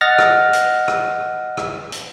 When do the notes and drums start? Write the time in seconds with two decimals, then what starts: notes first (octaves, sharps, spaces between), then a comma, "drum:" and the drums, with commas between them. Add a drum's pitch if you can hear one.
0.01 D#5 F#5 F6 A6 A#6
0.18 drum: rim click
0.53 drum: hi-hat
0.88 drum: rim click
1.57 drum: rim click
1.92 drum: hi-hat